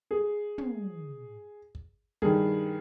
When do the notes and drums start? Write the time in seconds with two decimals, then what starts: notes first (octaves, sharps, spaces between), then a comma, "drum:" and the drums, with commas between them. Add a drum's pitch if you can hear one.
0.11 G#4
0.58 drum: tom
1.75 drum: kick
2.22 G2 D#3 G#4, drum: kick